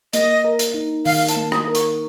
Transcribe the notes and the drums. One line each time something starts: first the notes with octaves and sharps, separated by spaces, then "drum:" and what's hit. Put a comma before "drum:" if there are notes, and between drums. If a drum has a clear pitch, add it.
A#3 D#5, drum: hi-hat
A#4
drum: hi-hat
D#4
D#3 F5, drum: open hi-hat
A5, drum: hi-hat
A#3
D#6, drum: rim click
A#4
C#6, drum: hi-hat